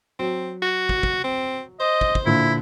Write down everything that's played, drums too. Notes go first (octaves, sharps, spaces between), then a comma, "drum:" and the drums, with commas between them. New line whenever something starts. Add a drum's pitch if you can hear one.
F#3 C4
F#4
drum: kick
drum: kick
C4
C5 D#5
drum: kick
drum: kick
A#2 D3 E4